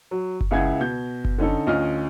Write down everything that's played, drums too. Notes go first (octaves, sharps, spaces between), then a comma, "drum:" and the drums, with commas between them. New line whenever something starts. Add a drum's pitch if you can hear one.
F#3
drum: kick F#1
C#2 C#3 E4 G#4 F#5 G#6
B2 G6
drum: kick F#1
D3 C#4 D#4 A4
D2 C#4 F4 D#5 F6